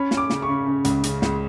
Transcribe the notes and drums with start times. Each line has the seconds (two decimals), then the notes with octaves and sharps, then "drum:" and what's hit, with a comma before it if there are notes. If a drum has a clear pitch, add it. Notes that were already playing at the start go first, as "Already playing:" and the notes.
Already playing: C#4 B5
0.11 C#4, drum: snare
0.17 D6
0.30 C#3, drum: snare
0.42 C#6
0.48 C#3
0.66 C#3
0.85 C#2, drum: hi-hat
1.03 C#3, drum: hi-hat
1.22 C#2, drum: snare